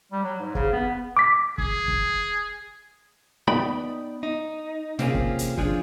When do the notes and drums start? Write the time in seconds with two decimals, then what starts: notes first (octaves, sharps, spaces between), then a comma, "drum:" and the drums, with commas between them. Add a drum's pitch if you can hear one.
0.12 G3
0.23 F#3
0.40 G#2
0.55 C#3, drum: kick
0.73 B3
1.17 D6 B6
1.58 G#4, drum: kick
1.88 drum: kick
3.48 B3 D#4 D5 G5 B5
4.23 D#4
4.99 C3 A#3 C4 C#4 F4 G#4, drum: snare
5.14 drum: kick
5.39 drum: hi-hat
5.58 F3 D4 F4 G#4, drum: kick